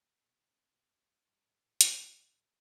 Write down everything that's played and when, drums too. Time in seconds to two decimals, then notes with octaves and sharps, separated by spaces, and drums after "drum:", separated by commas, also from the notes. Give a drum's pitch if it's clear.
0.24 B2 B3
0.49 C3 C4
0.75 B2 B3
0.93 F#2 F#3
1.10 F#2 F#3
1.28 G2 G3
1.46 G#2 G#3
1.64 A2 A3
1.81 A#2 A#3, drum: hi-hat
1.98 A#2 A#3
2.17 A2 A3
2.34 A2 A3